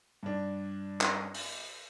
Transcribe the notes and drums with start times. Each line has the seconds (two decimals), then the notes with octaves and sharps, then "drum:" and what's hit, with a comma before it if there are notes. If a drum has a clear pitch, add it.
0.23 G2 D4
1.01 drum: clap
1.34 drum: open hi-hat